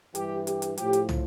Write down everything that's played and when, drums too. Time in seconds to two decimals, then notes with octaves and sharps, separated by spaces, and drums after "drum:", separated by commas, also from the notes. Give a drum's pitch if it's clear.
0.15 G2 E3 G4, drum: hi-hat
0.47 G4, drum: hi-hat
0.62 drum: hi-hat
0.78 A2 F3 G4, drum: hi-hat
0.93 drum: hi-hat
1.09 drum: tom